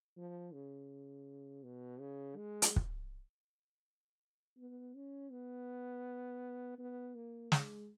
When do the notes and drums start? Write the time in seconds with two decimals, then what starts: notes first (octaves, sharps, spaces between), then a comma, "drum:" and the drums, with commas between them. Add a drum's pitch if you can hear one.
0.17 F3
0.53 C#3
1.63 B2
2.00 C#3
2.37 G#3
2.62 drum: hi-hat
2.76 drum: kick
4.58 B3
4.95 C#4
5.31 B3
6.78 B3
7.15 A#3
7.52 G#3, drum: snare